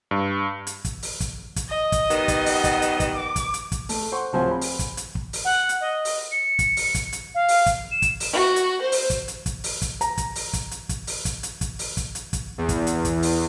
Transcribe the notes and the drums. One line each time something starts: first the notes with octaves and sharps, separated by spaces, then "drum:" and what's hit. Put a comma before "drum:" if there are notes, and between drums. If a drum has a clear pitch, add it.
G2
drum: hi-hat
drum: kick, hi-hat
drum: open hi-hat
drum: kick, hi-hat
drum: kick, hi-hat
D#5
drum: kick, hi-hat
D#3 G3 B3, drum: hi-hat
drum: kick, hi-hat
drum: open hi-hat
drum: kick, hi-hat
drum: hi-hat
drum: kick, hi-hat
D6
drum: kick, hi-hat
drum: hi-hat
drum: kick, hi-hat
A3, drum: open hi-hat
C5 F#5 C6 C#6
D1 F3 C4 C5 F#5 G#5
B5
drum: open hi-hat
drum: kick, hi-hat
drum: hi-hat
drum: kick
drum: open hi-hat
F#5
drum: hi-hat
D#5
drum: open hi-hat
C#7
drum: kick, hi-hat
drum: open hi-hat
drum: kick, hi-hat
drum: hi-hat
F5
drum: open hi-hat
drum: kick, hi-hat
E7
drum: kick, hi-hat
drum: open hi-hat
F#4
drum: hi-hat
C5
drum: open hi-hat
drum: kick, hi-hat
drum: hi-hat
drum: kick, hi-hat
drum: open hi-hat
drum: kick, hi-hat
A#5, drum: hi-hat
drum: kick, hi-hat
drum: open hi-hat
drum: kick, hi-hat
drum: hi-hat
drum: kick, hi-hat
drum: open hi-hat
drum: kick, hi-hat
drum: hi-hat
drum: kick, hi-hat
drum: open hi-hat
drum: kick, hi-hat
drum: hi-hat
drum: kick, hi-hat
E2
drum: kick, hi-hat
drum: hi-hat
drum: kick, hi-hat
drum: open hi-hat